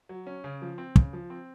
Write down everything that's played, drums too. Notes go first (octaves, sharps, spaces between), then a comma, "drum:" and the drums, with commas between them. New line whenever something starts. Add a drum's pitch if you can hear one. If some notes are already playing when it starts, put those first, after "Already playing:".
F#3
C#4
C#3
F3
C4
C#3, drum: kick
F3
C4